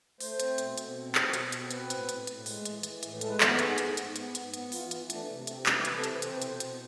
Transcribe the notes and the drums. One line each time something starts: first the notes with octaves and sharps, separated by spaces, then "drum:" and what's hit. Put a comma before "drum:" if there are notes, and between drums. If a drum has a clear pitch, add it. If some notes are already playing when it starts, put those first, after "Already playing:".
A3 C5, drum: open hi-hat
C4, drum: hi-hat
B2, drum: hi-hat
B2, drum: hi-hat
C4
B2, drum: clap
B2, drum: hi-hat
C4, drum: hi-hat
C4 B4, drum: hi-hat
A2, drum: hi-hat
A2, drum: hi-hat
A2, drum: hi-hat
G#3, drum: open hi-hat
E3, drum: hi-hat
E3, drum: hi-hat
A2, drum: hi-hat
G#3 A4, drum: hi-hat
B4
A4
B3, drum: clap
G#2 G#4, drum: hi-hat
G#2, drum: hi-hat
G#2, drum: hi-hat
B3, drum: hi-hat
G#2, drum: hi-hat
B3, drum: hi-hat
E3 F4, drum: open hi-hat
E3, drum: hi-hat
A3 D4, drum: hi-hat
C3
C3 C4, drum: hi-hat
E3, drum: clap
C3 B4, drum: hi-hat
A4
E3 B4, drum: hi-hat
C4 C5, drum: hi-hat
B2, drum: hi-hat
C5
B2, drum: hi-hat